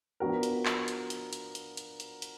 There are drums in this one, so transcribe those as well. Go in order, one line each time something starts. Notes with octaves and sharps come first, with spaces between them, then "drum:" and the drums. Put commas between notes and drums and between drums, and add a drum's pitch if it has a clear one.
F3 B3 D4 F#4 A#4
drum: hi-hat
drum: clap
drum: hi-hat
drum: hi-hat
drum: hi-hat
drum: hi-hat
drum: hi-hat
drum: hi-hat
drum: hi-hat